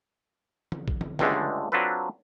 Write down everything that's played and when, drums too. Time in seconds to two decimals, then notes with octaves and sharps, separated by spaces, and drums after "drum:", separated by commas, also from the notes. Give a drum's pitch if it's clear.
0.72 drum: tom
0.88 drum: kick
1.01 drum: tom
1.19 C#2 G2 D3 G#3 A3, drum: snare
1.72 F#3 C4 D4 F4 A4 B4